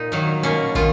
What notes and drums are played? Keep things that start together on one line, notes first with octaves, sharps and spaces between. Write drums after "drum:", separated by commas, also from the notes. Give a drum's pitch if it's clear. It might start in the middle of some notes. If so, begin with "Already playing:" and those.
Already playing: A#2 D#4
D#3 F#3 A#3
B2 A#3 C#4
D#3 A#3 F4, drum: kick